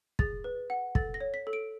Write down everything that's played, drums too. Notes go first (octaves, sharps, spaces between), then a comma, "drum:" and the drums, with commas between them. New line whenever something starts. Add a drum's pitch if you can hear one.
G#4 A6, drum: kick
B4
F#5
A4 A6, drum: kick
A#6
C#5
B6
A4
D7